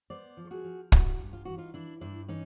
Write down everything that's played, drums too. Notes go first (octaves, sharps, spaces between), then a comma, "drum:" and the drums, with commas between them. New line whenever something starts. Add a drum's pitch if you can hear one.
B3 C5 D5
F3
A4
F#4 G#4
F3
G2 E4 F#4, drum: kick
G2
F4
E3 F#4
D#4 F4
E3 D4 E4
G2 D4 E4
E3 C#4 D#4